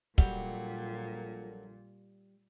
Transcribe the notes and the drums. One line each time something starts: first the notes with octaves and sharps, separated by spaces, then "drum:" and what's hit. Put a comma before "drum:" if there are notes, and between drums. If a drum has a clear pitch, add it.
A#1 A#2 F#3 G3 A4 A#4, drum: kick